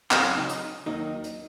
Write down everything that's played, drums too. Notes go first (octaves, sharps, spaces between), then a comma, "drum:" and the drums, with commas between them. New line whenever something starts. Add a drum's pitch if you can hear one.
C#2 C#3 F#3 C4, drum: clap
C#4
D#4
drum: hi-hat
D#2 D#3 F#3 A#3 D#4
drum: hi-hat